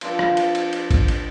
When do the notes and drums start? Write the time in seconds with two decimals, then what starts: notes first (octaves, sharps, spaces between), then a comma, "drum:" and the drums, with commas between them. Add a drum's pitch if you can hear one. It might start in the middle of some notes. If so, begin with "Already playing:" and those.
0.01 F3 C4 D4 B4, drum: cymbal
0.19 drum: rim click
0.37 drum: cymbal
0.55 drum: cymbal
0.73 drum: cymbal
0.91 drum: kick G#1, cymbal
1.08 drum: cymbal